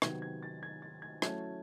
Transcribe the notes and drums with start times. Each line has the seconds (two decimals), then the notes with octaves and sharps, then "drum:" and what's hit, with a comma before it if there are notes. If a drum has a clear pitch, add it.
0.02 C3 D#3 F#3 B3 D#4 G#6, drum: rim click
0.22 G#6
0.43 A6
0.63 G#6
0.82 A6
1.02 G#6
1.22 F#3 A3 C#4 E4 G#6, drum: rim click